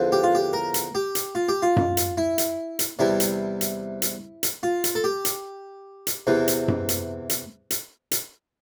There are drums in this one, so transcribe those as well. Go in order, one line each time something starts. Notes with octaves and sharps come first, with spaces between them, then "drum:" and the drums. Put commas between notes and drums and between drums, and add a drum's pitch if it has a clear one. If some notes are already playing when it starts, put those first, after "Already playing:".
Already playing: E2 D3 F3 C4
G4
F4
G4
A#4
drum: hi-hat
G4
drum: hi-hat
F4
G4
F4
drum: tom F#2
drum: hi-hat
E4
drum: hi-hat
drum: hi-hat
E2 C3 G3 E4
drum: hi-hat
drum: hi-hat
drum: hi-hat
drum: hi-hat
F4
drum: hi-hat
A4
G4
drum: hi-hat
drum: hi-hat
E2 C3 E3
drum: hi-hat
drum: tom F#2
drum: hi-hat
drum: hi-hat
drum: hi-hat
drum: hi-hat